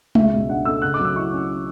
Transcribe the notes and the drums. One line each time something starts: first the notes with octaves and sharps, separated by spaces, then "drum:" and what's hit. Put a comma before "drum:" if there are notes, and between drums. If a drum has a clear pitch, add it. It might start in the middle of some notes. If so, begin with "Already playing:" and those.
C#2 E5, drum: tom G#3
B2
D4 F#5
A3 E6
C#3 F#6
D6
F#3
E6
E4 C#6
C#4